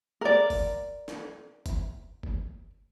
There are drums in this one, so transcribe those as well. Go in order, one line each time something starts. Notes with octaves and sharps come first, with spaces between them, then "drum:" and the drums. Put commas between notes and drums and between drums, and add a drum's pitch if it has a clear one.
A#4 D5
drum: kick, open hi-hat
drum: snare
drum: kick, hi-hat
drum: kick